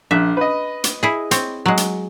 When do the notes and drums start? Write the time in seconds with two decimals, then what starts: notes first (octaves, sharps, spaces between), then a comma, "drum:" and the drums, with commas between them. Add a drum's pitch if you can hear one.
0.11 A#1 E5 F#6
0.37 B4 D#5
0.84 drum: hi-hat
1.03 E4 G#4
1.31 C4 C#5, drum: hi-hat
1.66 F#3 G#3
1.77 drum: hi-hat